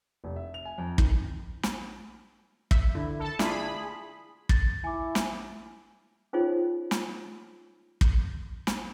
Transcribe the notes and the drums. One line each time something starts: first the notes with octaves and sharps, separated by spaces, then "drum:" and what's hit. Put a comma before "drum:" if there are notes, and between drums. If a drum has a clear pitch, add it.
F1
E5
F7
G#5
F2
D#3, drum: kick
drum: snare
E5, drum: kick
D3 E4
A4 A5
D4 E4 F4 G#4 B5, drum: snare
A6, drum: kick
E4 G#5 D6
drum: snare
C#4 D#4 F4 G#4 C5 C#5
drum: snare
drum: kick
drum: snare